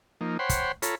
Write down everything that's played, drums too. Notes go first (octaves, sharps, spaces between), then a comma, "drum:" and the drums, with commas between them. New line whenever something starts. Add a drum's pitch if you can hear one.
F3 A#3 D#4
C5 C#5 F#5 G5 B5 C6
drum: kick, hi-hat
F4 A4 C#5 A#5 B5, drum: hi-hat